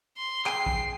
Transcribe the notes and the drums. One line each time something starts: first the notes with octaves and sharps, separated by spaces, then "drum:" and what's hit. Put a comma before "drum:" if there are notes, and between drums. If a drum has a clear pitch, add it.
C6
G#4 G5 G#5 C7, drum: clap
drum: kick